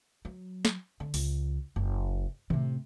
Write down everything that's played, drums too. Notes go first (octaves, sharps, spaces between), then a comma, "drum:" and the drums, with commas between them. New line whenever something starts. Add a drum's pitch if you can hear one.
F#3
drum: snare
D3
C#2, drum: open hi-hat
F#1
A2 C3, drum: tom D#3